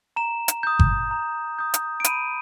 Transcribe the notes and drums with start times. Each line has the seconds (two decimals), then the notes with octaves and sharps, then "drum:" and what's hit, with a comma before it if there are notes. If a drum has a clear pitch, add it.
0.16 A#5 E7
0.48 drum: hi-hat
0.63 D#6 G6
0.79 drum: kick G1
1.11 A#5
1.59 D#6 G6
1.74 drum: hi-hat
2.00 D7
2.04 B5 D#7, drum: hi-hat